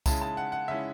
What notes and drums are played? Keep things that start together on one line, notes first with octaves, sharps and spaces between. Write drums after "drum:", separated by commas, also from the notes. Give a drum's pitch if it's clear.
C#3 G#3 C#4 E4 A5, drum: kick C2, tambourine
A5
F#5
F#5
C#3 G#3 C#4 E4 E5